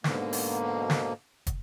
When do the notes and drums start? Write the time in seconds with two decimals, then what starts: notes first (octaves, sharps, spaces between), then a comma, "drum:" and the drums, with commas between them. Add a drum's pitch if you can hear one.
0.04 G#2 B2 D3 A#3, drum: snare
0.33 drum: open hi-hat
0.90 drum: snare
1.47 drum: kick, hi-hat